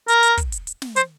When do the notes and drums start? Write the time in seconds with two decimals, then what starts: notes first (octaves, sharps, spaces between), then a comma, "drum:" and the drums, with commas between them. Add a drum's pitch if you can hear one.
0.08 A#4, drum: hi-hat
0.23 drum: hi-hat
0.37 drum: kick, hi-hat
0.52 drum: hi-hat
0.67 drum: hi-hat
0.82 drum: snare
0.96 C5, drum: hi-hat